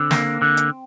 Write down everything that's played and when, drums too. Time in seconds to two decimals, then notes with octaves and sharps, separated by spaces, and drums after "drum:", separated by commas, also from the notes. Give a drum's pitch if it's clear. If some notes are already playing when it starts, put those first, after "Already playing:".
Already playing: D3 C4
0.11 A#3, drum: snare
0.42 D3
0.57 drum: hi-hat